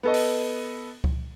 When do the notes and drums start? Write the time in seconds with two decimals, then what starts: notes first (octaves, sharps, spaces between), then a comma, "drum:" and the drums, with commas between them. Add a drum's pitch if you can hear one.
0.03 B3 A4 D#5
0.14 drum: open hi-hat
1.04 drum: kick C#2